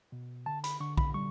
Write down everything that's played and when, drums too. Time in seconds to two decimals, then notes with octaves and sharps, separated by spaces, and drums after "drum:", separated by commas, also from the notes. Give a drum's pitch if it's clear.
0.12 B2
0.46 D3 A5
0.64 B5, drum: hi-hat
0.80 D3 C#6
0.97 B5, drum: kick
1.14 G3 C#6